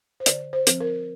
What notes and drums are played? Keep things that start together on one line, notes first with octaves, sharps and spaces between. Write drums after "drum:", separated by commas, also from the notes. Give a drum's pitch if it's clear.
C5
D3 D5, drum: hi-hat
C5
F3 C4, drum: hi-hat
A#4